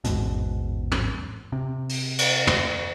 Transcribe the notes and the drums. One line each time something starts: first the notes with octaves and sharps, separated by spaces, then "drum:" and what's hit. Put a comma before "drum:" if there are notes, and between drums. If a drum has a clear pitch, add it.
A1 E2 G#2 B2, drum: hi-hat
drum: tom
C3
drum: open hi-hat
drum: cymbal
drum: tom